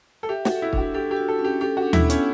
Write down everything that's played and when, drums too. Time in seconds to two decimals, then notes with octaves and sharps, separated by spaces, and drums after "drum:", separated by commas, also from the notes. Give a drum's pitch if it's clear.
0.23 A4
0.29 G4 E5
0.45 F#4, drum: snare
0.51 A4
0.62 E4
0.73 D4, drum: kick
0.78 F#4
0.95 G4 A4
1.11 G4
1.17 F#4
1.28 A4
1.39 C#4
1.44 G4
1.61 G4 A4
1.77 F#4
1.83 D4
1.93 E4, drum: tom D#2
2.04 B3
2.10 C#4, drum: hi-hat